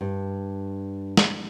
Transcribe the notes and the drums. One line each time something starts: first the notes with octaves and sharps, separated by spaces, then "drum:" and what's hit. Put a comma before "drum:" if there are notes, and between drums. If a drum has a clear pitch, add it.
G2
drum: snare